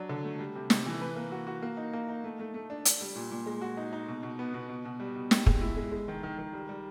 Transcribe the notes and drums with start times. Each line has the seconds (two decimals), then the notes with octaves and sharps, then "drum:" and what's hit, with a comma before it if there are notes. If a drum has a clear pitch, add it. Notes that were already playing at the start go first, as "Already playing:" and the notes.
Already playing: F#3 D4
0.09 D3
0.24 A3
0.39 G3
0.55 C3
0.70 C3, drum: snare
0.86 E3
1.02 B4
1.16 A#3
1.32 F#4
1.47 F#4
1.62 A#3
1.77 D#4
1.93 A#3
2.09 D#4
2.24 A3
2.39 A3
2.54 A3
2.70 D4
2.85 D4, drum: hi-hat
3.01 G3
3.16 A#2
3.31 A#2
3.46 G#3
3.61 F#4
3.77 D#4
3.93 D#4
4.08 B2
4.23 B2
4.39 B3
4.54 B2
4.69 B2
4.85 B2
5.00 G3
5.16 B2
5.31 G4, drum: snare
5.46 G#3, drum: kick
5.61 E4
5.77 G#3
5.92 G#3
6.08 D#3
6.23 D#3
6.38 D#3
6.53 G3
6.69 G3